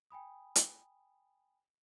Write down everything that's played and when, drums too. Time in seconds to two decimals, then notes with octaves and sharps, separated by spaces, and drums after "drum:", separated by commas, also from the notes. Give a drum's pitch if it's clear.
0.11 G5 G#5 B5 D#6
0.55 drum: hi-hat